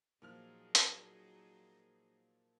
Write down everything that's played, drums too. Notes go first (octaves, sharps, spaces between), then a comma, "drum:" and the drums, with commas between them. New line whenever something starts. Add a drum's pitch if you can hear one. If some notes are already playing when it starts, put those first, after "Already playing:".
A#2 F3 F#3 D#4 G#4 F6
drum: hi-hat